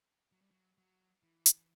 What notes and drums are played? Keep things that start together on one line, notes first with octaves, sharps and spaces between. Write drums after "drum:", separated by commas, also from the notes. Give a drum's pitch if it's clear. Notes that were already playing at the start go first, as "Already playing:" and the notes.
F#3
G3
F#3
F#3
E3
drum: hi-hat
E3